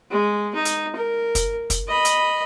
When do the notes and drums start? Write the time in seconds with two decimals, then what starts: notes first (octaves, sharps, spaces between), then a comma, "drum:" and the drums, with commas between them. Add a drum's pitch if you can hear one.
0.11 G#3
0.55 D#4
0.65 drum: hi-hat
0.95 A#4
1.35 drum: kick, hi-hat
1.70 drum: kick, hi-hat
1.87 D#5 B5
2.05 drum: hi-hat